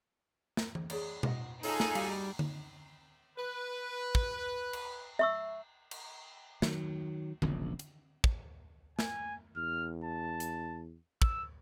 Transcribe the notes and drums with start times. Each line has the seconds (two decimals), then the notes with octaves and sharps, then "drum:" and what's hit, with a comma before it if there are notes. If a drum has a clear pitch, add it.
0.57 drum: snare
0.75 drum: tom E3
0.90 G#4 C#5 D5, drum: cymbal
1.23 F4 D#5 F#5, drum: tom B2
1.63 G#3 D#4 F4 G#4 A4 C#5 A5, drum: open hi-hat
1.80 drum: snare
1.95 G3 F#4 F5, drum: cymbal
2.39 drum: tom D3
3.38 B4
4.15 drum: kick
4.73 drum: cymbal
5.19 E5 C#6 E6
5.91 drum: cymbal
6.62 D#3 F#3, drum: snare
7.42 E1 A#1 C#3, drum: tom D3
7.79 drum: hi-hat
8.24 drum: kick
8.99 G#5, drum: snare
9.57 E2 F6
10.04 A5
10.40 drum: hi-hat
11.22 E6, drum: kick